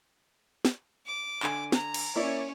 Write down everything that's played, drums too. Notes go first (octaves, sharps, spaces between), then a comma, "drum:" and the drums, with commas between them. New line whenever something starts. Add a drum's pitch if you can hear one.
drum: snare
D6
D3 G#5, drum: clap
A#5, drum: snare
drum: cymbal
A#3 C#4 E4 C#5 D5